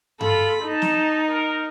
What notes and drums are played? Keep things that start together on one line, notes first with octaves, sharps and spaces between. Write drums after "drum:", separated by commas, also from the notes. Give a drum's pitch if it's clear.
F4 A4 B5, drum: tom G2
D#4 A5
drum: snare
A#4